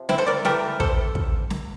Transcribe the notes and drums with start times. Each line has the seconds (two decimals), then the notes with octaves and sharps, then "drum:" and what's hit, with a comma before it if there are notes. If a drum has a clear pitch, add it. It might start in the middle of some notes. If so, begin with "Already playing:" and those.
Already playing: C3 F3
0.09 C4 E4, drum: snare
0.18 A4 C5
0.27 A#4 D5
0.45 E3 A3 G4 A#4, drum: snare
0.80 A4 C5, drum: kick
1.15 drum: kick
1.50 drum: snare